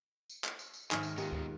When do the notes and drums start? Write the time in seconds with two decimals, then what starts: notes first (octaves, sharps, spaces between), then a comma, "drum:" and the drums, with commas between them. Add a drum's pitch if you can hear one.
0.30 drum: tambourine
0.44 drum: clap
0.59 drum: tambourine
0.74 drum: tambourine
0.91 G#2 D#3 C#5 E5 G#5 F6, drum: clap
1.03 drum: tambourine
1.18 D#3 B3 D#4 F4 G4 A#4, drum: tambourine
1.32 drum: kick D2